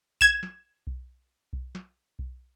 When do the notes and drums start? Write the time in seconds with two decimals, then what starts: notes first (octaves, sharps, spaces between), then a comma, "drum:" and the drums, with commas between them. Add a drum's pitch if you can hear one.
0.21 G#6 E7, drum: kick B1
0.43 drum: snare
0.87 drum: kick B1
1.53 drum: kick B1
1.75 drum: snare
2.19 drum: kick B1